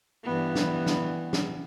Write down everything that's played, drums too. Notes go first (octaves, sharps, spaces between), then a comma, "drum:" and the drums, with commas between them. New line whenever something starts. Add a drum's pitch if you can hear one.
G2 E3 B3
drum: snare
drum: snare
drum: snare